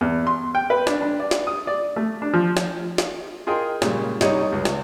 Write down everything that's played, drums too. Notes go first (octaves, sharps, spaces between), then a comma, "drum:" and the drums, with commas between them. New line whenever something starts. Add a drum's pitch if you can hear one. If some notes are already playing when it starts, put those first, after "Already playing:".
E2
C6
G5
B4
D4, drum: snare
D4
D5
drum: snare
D#6
D5
A3
D4
F3
drum: snare
drum: snare
F4 G#4 A#4 D#5 G5 C6
A#2 C#3 G3 G#3, drum: snare
C2 G3 D#4 C#5 D#5 D#6, drum: snare
C#2
drum: snare